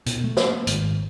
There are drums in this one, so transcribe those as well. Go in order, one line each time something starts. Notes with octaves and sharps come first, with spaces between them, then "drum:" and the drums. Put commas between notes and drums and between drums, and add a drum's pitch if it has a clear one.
B2, drum: hi-hat
A3
drum: snare
G#1, drum: hi-hat